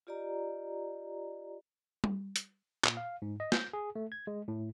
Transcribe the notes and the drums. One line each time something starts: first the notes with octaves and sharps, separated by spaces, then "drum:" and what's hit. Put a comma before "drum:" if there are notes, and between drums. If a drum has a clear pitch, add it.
F4 G4 D5 D#5 A#5
drum: tom G3
drum: hi-hat
A#2, drum: clap
F5
G#2
D#5
G6, drum: snare
G#4
A3
G#6
G#3
A2